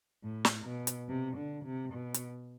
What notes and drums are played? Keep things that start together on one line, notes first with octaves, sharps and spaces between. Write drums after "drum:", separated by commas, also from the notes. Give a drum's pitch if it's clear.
A2
drum: snare
B2
drum: hi-hat
C3
D3
C3
B2
drum: hi-hat